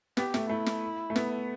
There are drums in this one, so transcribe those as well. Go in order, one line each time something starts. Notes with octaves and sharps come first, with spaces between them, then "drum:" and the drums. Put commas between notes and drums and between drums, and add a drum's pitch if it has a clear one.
B3 G4, drum: snare
A3, drum: snare
A3 E4
drum: snare
A3
B3, drum: snare